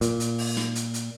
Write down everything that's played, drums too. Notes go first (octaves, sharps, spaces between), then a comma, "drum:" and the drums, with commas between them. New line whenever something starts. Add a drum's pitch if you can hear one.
A#2, drum: hi-hat
drum: hi-hat
drum: open hi-hat
drum: snare
drum: hi-hat
drum: hi-hat